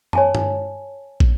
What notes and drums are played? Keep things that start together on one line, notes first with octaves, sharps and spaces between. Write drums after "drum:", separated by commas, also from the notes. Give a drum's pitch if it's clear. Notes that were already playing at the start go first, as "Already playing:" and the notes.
C#5 G#5 A5, drum: tom
drum: tom G2
drum: kick